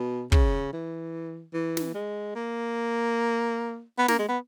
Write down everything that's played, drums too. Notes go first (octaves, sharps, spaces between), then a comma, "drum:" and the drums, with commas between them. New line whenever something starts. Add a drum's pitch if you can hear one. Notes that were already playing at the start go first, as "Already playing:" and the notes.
Already playing: B2
C#3, drum: kick
E3
E3
drum: snare
G#3
A#3
B3
A#3, drum: snare
G#3
B3